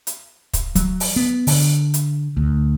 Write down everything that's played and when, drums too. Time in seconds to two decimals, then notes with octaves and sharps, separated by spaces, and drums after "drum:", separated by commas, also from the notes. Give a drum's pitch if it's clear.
0.07 drum: hi-hat
0.53 drum: kick, hi-hat
0.75 F#3, drum: kick, hi-hat
1.00 drum: open hi-hat
1.16 B3
1.47 D3, drum: open hi-hat
1.94 drum: hi-hat
2.37 D2